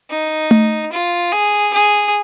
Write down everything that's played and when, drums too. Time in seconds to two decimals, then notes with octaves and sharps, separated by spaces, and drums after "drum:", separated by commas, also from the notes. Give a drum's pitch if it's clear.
0.10 D#4
0.51 drum: tom A3
0.92 F4
1.32 G#4
1.73 G#4